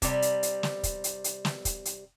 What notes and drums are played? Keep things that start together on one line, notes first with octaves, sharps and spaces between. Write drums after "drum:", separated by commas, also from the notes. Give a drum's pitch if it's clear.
C3 G3, drum: kick, hi-hat
drum: hi-hat
drum: hi-hat
drum: snare
drum: kick, hi-hat
drum: hi-hat
drum: hi-hat
drum: snare
drum: kick, hi-hat
drum: hi-hat